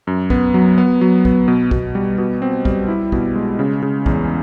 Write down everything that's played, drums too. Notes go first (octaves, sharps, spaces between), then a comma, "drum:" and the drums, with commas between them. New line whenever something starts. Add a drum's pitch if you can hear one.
F#2
B3, drum: kick
F#3
B3
F#3
B3, drum: kick
B2
B2, drum: kick
G3
B2
C4
G3, drum: kick
E4
B2, drum: kick
G#3
C#3
C#3
E2, drum: kick